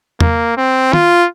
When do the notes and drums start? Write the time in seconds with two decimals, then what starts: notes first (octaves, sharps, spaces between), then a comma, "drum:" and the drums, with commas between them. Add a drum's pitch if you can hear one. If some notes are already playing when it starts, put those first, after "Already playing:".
0.20 A#3, drum: tom E2
0.58 C4
0.93 F4, drum: tom